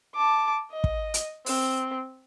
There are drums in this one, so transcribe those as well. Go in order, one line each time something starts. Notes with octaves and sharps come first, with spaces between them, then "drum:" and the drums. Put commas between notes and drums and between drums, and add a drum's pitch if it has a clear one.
A5 D6
D#5
drum: kick
drum: hi-hat
C4, drum: open hi-hat